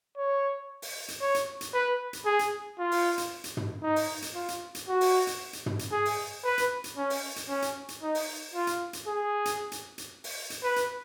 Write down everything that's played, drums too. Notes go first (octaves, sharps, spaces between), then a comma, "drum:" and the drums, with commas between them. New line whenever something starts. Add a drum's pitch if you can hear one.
C#5
drum: open hi-hat
drum: hi-hat
C#5
drum: hi-hat
drum: hi-hat
B4
drum: hi-hat
G#4
drum: hi-hat
F4
drum: open hi-hat
drum: hi-hat
drum: hi-hat
drum: tom
D#4
drum: open hi-hat
drum: hi-hat
F4
drum: hi-hat
drum: hi-hat
F#4
drum: open hi-hat
drum: hi-hat
drum: hi-hat
drum: tom
drum: hi-hat
G#4
drum: open hi-hat
B4
drum: hi-hat
drum: hi-hat
C#4
drum: open hi-hat
drum: hi-hat
C#4
drum: hi-hat
drum: hi-hat
D#4
drum: open hi-hat
F4
drum: hi-hat
drum: hi-hat
G#4
drum: hi-hat
drum: hi-hat
drum: hi-hat
drum: open hi-hat
drum: hi-hat
B4
drum: hi-hat